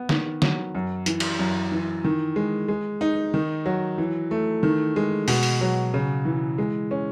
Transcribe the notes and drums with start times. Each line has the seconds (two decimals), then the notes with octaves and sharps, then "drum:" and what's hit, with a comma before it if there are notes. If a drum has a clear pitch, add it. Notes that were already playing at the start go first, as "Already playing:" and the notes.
Already playing: B3
0.09 D#3, drum: snare
0.42 F#3, drum: snare
0.75 F#2
1.06 E3, drum: hi-hat
1.20 drum: cymbal
1.39 F#2
1.72 E3
2.04 D#3
2.36 G#3
2.68 G#3
3.01 D#4
3.34 D#3
3.66 F#3
3.98 E3
4.31 A3
4.63 D#3
4.96 G#3
5.28 B2, drum: open hi-hat
5.43 drum: open hi-hat
5.61 F#3
5.94 C#3
6.25 E3
6.58 G#3
6.91 C#4